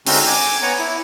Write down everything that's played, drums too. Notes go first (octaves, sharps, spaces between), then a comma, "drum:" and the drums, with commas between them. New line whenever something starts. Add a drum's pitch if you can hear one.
D3 G#3 C4 C#4 D#4 F#4, drum: open hi-hat
G#5 D6
B3 C#5 F#5 G#5 A#5
E4